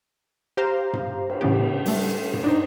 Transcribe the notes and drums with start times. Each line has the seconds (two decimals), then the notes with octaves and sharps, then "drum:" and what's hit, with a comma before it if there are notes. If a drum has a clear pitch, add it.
0.57 G4 C5 F5 A#5
0.93 drum: tom G2
1.30 drum: cymbal
1.41 A2 C#3 E3 B3 G4
1.86 G3 A3, drum: open hi-hat
2.34 drum: tom G2
2.44 D4 D#4 C5